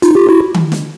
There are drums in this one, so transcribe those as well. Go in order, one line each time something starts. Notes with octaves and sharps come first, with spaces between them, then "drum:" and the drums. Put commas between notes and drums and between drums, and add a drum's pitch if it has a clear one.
D#4 F4, drum: hi-hat
F4 G4
E4 F#4
drum: tom D#3
drum: snare